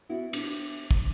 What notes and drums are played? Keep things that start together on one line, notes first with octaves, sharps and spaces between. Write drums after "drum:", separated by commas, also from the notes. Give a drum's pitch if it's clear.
B3 E4 F#4
D4, drum: cymbal
drum: kick